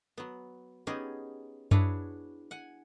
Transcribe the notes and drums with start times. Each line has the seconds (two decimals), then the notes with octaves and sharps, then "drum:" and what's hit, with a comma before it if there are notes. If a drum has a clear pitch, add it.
0.18 F#3 B3
0.87 B3 C#4 D#4 G4 G#4
1.71 D4 E4 F#4 G#4 B4 C#5, drum: tom F#2
2.51 F#5 G#5